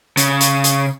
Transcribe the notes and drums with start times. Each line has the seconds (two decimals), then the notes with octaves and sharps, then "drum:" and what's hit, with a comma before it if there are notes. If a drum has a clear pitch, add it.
0.17 C#3, drum: hi-hat
0.41 drum: hi-hat
0.64 drum: hi-hat